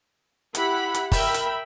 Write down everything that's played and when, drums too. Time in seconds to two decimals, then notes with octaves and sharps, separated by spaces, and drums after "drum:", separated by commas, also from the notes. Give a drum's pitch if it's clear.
0.55 E4 G4 F#5 B5, drum: hi-hat
0.94 drum: hi-hat
1.12 A#4 E5 G5 B5, drum: kick, open hi-hat
1.34 drum: hi-hat